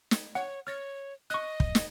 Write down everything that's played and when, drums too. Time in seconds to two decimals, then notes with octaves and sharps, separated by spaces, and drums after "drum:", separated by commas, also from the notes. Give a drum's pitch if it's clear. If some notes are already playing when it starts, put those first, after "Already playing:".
0.11 drum: snare
0.35 C#5 F#5
0.67 C#5 F6 A6 A#6
1.30 D#5 C#6 F#6
1.60 drum: kick
1.75 drum: snare